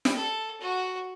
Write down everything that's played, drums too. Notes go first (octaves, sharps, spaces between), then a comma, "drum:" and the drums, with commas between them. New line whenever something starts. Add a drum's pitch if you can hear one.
drum: snare
A4
F#4